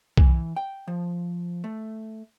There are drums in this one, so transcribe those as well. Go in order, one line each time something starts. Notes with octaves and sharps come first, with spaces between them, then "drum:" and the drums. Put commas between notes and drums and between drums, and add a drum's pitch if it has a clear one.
E3, drum: kick B1
G5
F3
A3